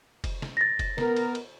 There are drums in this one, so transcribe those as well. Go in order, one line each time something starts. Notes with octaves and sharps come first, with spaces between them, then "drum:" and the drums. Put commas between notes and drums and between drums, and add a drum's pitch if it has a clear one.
drum: kick F1, cymbal
drum: snare
A6 A#6
drum: kick F1, cymbal
B3 A#4, drum: snare
drum: cymbal
drum: cymbal